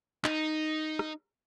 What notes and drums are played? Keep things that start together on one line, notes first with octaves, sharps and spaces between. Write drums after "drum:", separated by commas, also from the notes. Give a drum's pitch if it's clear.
D#4, drum: clap
drum: rim click